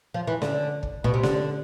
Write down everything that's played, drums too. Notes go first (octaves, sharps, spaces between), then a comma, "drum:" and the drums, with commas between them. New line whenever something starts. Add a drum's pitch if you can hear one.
F3
E3
D3, drum: snare C#4
drum: kick
B2, drum: kick
C3
D3, drum: snare C#4